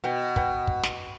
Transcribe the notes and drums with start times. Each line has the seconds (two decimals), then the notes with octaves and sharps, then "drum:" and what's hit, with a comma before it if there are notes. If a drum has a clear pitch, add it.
0.04 B2 B4 F#5 G5
0.36 B4 F#5 G5, drum: kick
0.67 drum: kick
0.83 drum: snare